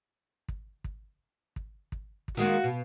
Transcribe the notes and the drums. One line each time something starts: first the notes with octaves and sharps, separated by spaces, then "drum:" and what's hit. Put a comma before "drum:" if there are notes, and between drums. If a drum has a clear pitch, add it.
drum: kick
drum: kick
drum: kick
drum: kick
drum: kick
D#3 G#3 A#3 F#4
B2